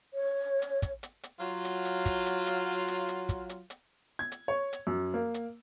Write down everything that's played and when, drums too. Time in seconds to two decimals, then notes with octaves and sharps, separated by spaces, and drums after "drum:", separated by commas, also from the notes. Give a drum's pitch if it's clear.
0.13 C#5
0.62 drum: hi-hat
0.82 drum: kick, hi-hat
1.03 drum: hi-hat
1.23 drum: hi-hat
1.40 F#3 F4
1.65 drum: hi-hat
1.85 drum: hi-hat
2.06 drum: kick, hi-hat
2.26 drum: hi-hat
2.47 drum: hi-hat
2.88 drum: hi-hat
3.08 drum: hi-hat
3.29 drum: kick, hi-hat
3.49 drum: hi-hat
3.70 drum: hi-hat
4.19 G#6
4.32 drum: hi-hat
4.48 C#5
4.73 drum: hi-hat
4.87 F#2
5.14 A#3
5.34 drum: hi-hat